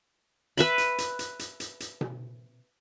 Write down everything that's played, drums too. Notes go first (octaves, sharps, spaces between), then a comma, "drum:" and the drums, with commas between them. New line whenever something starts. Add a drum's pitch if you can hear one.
B4 E5 B5, drum: hi-hat
drum: hi-hat
drum: hi-hat
drum: hi-hat
drum: hi-hat
drum: hi-hat
drum: hi-hat
drum: tom B2